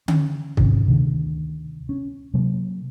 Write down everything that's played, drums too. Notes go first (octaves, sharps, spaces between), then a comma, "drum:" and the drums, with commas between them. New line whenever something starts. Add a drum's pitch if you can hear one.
C#4, drum: tom D3
G#2 C3 D#3 C#4, drum: kick
D2 C3 D#3
C#4
C3 F#3 G#3 A#3